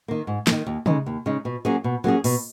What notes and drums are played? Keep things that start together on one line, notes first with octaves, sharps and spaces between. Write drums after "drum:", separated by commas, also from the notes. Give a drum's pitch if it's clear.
D#3 A#3
G#2
D#3 A#3, drum: snare
D#2
C#3 G#3 D#4, drum: tom
D#2
C#3 G#3 D#4
B2
F#3 A#3 C#4 G#4
B2
F#3 A#3 C#4 G#4
B2, drum: open hi-hat